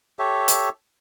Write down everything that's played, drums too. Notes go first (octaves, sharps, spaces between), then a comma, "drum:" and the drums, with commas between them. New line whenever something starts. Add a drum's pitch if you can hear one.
G4 A4 C#5 E5
drum: hi-hat